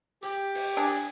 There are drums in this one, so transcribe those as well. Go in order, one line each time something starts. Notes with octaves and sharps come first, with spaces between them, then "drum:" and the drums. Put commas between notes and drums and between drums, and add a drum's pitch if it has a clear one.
G4, drum: hi-hat
drum: open hi-hat
D4 G#4
drum: hi-hat